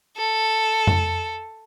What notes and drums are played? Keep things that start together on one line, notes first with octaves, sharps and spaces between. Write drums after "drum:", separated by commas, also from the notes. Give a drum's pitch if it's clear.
A4
drum: tom